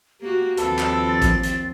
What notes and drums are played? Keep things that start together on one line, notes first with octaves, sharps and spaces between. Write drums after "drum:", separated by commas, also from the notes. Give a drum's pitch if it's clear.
A#3 F#4 G4
D#2 F3 C4 A4 B4 A5, drum: hi-hat
drum: clap
A6
drum: kick A1, hi-hat
drum: hi-hat